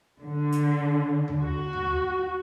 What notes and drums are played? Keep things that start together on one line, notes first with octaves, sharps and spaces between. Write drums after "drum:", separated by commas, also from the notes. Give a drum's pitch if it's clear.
D3
drum: hi-hat
drum: tom
F#4
drum: tom